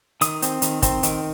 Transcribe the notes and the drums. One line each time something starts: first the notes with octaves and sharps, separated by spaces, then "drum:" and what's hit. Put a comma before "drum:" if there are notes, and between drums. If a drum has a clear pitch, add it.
D#3 D#6, drum: hi-hat
C4, drum: hi-hat
D#3, drum: hi-hat
C4, drum: kick, hi-hat
D#3, drum: hi-hat